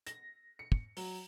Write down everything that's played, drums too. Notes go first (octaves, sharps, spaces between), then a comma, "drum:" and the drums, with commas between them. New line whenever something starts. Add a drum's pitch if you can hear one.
A#6, drum: hi-hat
C#7
drum: kick
F#3, drum: open hi-hat